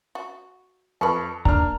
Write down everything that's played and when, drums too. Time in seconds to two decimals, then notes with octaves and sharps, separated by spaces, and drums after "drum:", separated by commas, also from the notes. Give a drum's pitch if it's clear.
0.15 F#4
1.01 F2 B4 A5 C#6
1.45 A#3 D4 A#5 F6, drum: kick